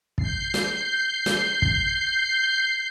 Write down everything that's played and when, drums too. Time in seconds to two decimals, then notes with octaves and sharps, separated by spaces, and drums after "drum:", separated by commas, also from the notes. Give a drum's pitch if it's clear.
0.18 G6 C7, drum: kick
0.54 drum: snare
1.26 drum: snare
1.62 drum: kick